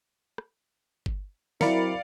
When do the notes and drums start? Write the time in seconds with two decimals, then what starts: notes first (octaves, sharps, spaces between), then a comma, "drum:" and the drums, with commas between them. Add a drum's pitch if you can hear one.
0.38 drum: rim click
1.06 drum: kick G1
1.61 F#3 C4 E4 A#4 D5 F5 B5 C#7, drum: snare